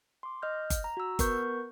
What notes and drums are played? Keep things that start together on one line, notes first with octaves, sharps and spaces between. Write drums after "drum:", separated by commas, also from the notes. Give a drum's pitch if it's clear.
C6 D6
D#5 F6 G6
drum: kick G1, hi-hat
A#5
F#4 E6
B3 A#4 B4 C#6 G6, drum: kick G1, hi-hat